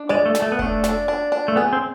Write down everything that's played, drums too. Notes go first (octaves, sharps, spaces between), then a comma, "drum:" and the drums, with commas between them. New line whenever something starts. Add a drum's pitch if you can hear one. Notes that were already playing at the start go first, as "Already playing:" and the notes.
Already playing: D4
G#3 D5
A3
A4, drum: snare
A3
B3
A3 D4, drum: kick F1
D4, drum: snare
D4
D4
A3
B3 G#4
C4